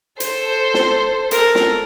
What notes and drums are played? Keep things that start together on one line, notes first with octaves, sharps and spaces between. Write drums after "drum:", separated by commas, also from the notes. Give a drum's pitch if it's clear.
A4 C5, drum: hi-hat
drum: snare
A4 A#4, drum: hi-hat
drum: snare